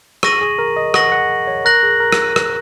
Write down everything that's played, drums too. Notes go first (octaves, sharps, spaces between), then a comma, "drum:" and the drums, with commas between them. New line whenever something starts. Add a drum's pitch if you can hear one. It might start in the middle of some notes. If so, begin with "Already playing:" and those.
G#4 C#6 A#6 D#7 F#7, drum: rim click
G#4
A#4
D#5
F#5 C#6 A#6 F#7, drum: rim click
F#5
C#5
A#4 F#6 A#6 F#7
G#4
A#4
drum: rim click
drum: rim click